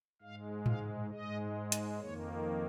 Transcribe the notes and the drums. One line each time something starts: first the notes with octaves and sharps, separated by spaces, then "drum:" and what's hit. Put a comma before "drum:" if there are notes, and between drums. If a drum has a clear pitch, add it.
G#2 G#3 F5
F5, drum: tom A2
G#2 G#3 D#5
drum: hi-hat
F2 D#3 A#3 C#5